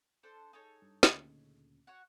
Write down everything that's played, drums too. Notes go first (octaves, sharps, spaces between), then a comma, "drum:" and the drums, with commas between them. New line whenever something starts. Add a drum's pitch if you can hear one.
D4 A4 C5
D#4 G#4 A4 C#5
G2
D2 A#2 C#3, drum: snare
F#4 C#5 F#5